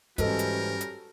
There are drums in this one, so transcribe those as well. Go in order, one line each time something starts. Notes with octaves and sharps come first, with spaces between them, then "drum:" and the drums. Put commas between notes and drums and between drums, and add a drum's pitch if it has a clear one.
G#2 E3 G3 C#4 F#4 A4 A#4 D#5, drum: kick, hi-hat
drum: hi-hat
drum: hi-hat